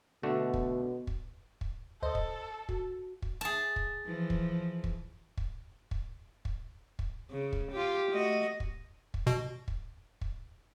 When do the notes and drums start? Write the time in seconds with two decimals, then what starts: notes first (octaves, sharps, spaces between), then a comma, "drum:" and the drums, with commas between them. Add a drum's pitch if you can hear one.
0.23 B2 D3 A3 F#4
0.54 drum: kick
1.07 drum: kick
1.61 drum: kick
2.02 D2 A4 C5 D#5
2.15 drum: kick
2.69 F#4, drum: kick
3.22 drum: kick
3.41 G#4 A5
3.76 drum: kick
4.06 E3 F3
4.30 drum: kick
4.84 drum: kick
5.37 drum: kick
5.91 drum: kick
6.45 drum: kick
6.99 drum: kick
7.31 C#3
7.53 drum: kick
7.72 F4 G4
8.12 A3 F#4 D#5
8.60 drum: kick
9.14 drum: kick
9.27 B2
9.68 drum: kick
10.21 drum: kick